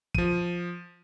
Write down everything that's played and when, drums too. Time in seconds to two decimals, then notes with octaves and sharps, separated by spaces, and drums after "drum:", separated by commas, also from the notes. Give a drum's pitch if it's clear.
0.15 F3 D#7, drum: kick